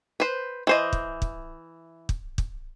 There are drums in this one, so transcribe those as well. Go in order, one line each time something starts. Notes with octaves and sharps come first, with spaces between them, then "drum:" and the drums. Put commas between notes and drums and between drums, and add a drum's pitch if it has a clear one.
B4 C5
E3 C5 D#5
drum: kick
drum: kick
drum: kick
drum: kick